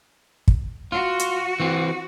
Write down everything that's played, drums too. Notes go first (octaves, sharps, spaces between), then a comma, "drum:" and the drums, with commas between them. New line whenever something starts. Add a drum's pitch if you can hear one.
drum: kick
F4 F#4
drum: hi-hat
E3 C4